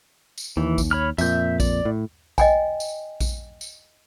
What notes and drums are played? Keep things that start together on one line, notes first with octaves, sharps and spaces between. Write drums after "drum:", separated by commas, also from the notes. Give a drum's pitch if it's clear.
drum: tambourine
D#2 E3
drum: kick A#1, tambourine
C#5 B5 F6
F2 A#2 E5 G6, drum: tambourine
D5, drum: kick A#1, tambourine
A2
D#5 G5 G#5, drum: kick A#1, tambourine
drum: tambourine
drum: kick A#1, tambourine
drum: tambourine